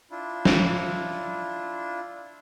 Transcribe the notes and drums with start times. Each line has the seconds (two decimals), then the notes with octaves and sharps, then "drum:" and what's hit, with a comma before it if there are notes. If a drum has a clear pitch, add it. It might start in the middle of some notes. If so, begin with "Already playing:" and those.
0.11 D4 E4 F4
0.45 drum: snare